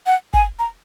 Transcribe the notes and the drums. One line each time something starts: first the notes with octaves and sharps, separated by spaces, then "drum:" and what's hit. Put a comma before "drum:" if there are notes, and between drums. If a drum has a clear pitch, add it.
F#5
G#5, drum: kick G1
A#5